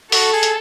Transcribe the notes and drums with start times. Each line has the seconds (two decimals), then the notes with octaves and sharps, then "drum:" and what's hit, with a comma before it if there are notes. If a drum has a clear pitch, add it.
0.12 F#4 A4, drum: open hi-hat
0.33 G#4
0.43 drum: hi-hat